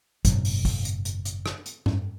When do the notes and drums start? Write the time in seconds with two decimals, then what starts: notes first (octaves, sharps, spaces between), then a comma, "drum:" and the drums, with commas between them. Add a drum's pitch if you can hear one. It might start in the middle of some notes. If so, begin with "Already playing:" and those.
0.25 F#1 G#2 B2 F#3, drum: kick, hi-hat
0.45 drum: open hi-hat
0.65 drum: kick, open hi-hat
0.85 drum: hi-hat
1.05 drum: hi-hat
1.25 drum: hi-hat
1.46 drum: rim click
1.66 drum: hi-hat
1.86 drum: tom